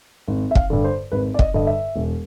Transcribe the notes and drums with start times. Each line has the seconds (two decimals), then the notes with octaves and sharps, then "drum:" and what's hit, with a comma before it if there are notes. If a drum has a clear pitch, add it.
0.28 G#1
0.51 E5
0.55 F5, drum: kick
0.70 G2 D3
0.84 C5
1.12 G#1 B4
1.34 D5
1.39 D#5, drum: kick
1.54 G2 D3 D#5
1.67 E5
1.96 E1